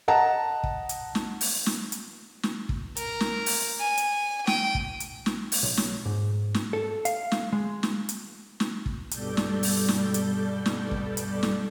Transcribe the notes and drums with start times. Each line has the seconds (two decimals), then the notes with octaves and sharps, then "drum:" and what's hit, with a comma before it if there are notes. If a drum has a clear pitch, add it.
0.08 D#5 F#5 A5 A#5
0.64 drum: kick
0.89 drum: hi-hat
1.15 drum: snare
1.41 drum: open hi-hat
1.66 drum: snare
1.92 drum: hi-hat
2.43 drum: snare
2.69 drum: kick
2.97 A#4, drum: hi-hat
3.20 drum: snare
3.46 drum: open hi-hat
3.79 G#5
3.98 drum: hi-hat
4.47 G5 D#7, drum: snare
4.75 drum: kick
5.00 drum: hi-hat
5.26 drum: snare
5.52 drum: open hi-hat
5.63 B1
5.77 drum: snare
6.05 G#2
6.54 drum: snare
6.73 A4
7.05 F5, drum: hi-hat
7.32 drum: snare
7.53 G#3
7.83 drum: snare
8.09 drum: hi-hat
8.60 drum: snare
8.86 drum: kick
9.11 G2 B2 G3 A4 D5 G6, drum: hi-hat
9.37 drum: snare
9.63 drum: open hi-hat
9.88 drum: snare
10.14 drum: hi-hat
10.66 drum: snare
10.91 drum: kick
11.17 drum: hi-hat
11.43 drum: snare